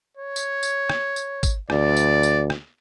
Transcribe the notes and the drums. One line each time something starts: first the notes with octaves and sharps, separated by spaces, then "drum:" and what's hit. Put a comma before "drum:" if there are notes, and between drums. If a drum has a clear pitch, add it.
C#5
drum: tambourine
drum: tambourine
drum: rim click
drum: tambourine
drum: kick, tambourine
D2 D5, drum: rim click
drum: tambourine
drum: tambourine
drum: rim click